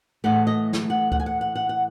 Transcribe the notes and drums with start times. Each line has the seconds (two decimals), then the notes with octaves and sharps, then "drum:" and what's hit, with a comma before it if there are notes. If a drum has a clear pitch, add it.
0.24 A2 E3 A3 F#5
0.47 D#5
0.73 drum: snare
0.90 F#5
1.12 F#5, drum: kick D2
1.20 G#5
1.26 F#5
1.41 F#5
1.55 F#5
1.69 F#5